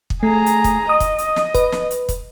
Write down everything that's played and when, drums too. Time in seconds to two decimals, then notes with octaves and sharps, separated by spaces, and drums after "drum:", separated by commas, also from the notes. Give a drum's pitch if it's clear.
0.10 drum: kick
0.23 A3 G#4 A#5
0.46 drum: hi-hat
0.64 drum: kick, hi-hat
0.89 D#5 D#6
1.00 drum: kick, hi-hat
1.18 drum: hi-hat
1.36 drum: snare
1.54 B4, drum: kick, hi-hat
1.73 drum: snare
1.91 drum: hi-hat
2.09 drum: kick, hi-hat